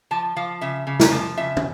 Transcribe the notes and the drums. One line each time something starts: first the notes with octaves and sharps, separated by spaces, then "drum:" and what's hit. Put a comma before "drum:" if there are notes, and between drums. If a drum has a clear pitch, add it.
F3 A5
F3 F5
C#3 E5
C#3
drum: snare
F3
C#3 E5
drum: tom